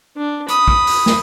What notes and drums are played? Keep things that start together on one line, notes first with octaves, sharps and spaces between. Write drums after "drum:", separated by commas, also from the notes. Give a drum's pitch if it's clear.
D4
B5 D#6, drum: hi-hat
drum: kick
drum: open hi-hat
drum: snare